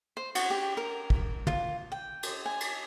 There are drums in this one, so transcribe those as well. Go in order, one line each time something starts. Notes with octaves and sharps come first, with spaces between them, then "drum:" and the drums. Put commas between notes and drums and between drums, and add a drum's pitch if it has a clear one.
C5
F#4, drum: cymbal
G4
A#4
drum: kick
F4, drum: tom
G5
drum: cymbal
G#5
drum: cymbal